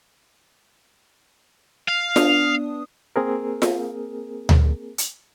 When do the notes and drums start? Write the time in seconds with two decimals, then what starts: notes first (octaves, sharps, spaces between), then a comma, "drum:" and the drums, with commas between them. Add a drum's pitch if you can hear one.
1.89 F5
2.16 B3 D4 D#6, drum: snare F4
3.16 A#3 C4 G#4 A#4
3.62 drum: snare F4
4.49 drum: tom D2
4.98 drum: hi-hat